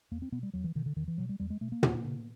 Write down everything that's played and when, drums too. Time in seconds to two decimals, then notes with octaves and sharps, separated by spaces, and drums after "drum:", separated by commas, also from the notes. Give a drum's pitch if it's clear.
0.11 E2 A#3
0.22 C4
0.32 B2 B3
0.43 G3
0.54 E2 F#3
0.64 E3
0.75 B2 D#3
0.86 D3
0.96 E2 D#3
1.08 E3
1.18 B2 F#3
1.29 G3
1.40 E2 G3
1.50 G#3
1.61 B2 A3
1.72 A#3
1.83 D#2, drum: tom
2.04 C#3